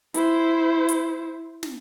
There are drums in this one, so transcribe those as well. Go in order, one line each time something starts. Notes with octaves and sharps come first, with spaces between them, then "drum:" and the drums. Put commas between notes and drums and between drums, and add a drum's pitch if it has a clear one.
E4 C5, drum: hi-hat
drum: hi-hat
drum: snare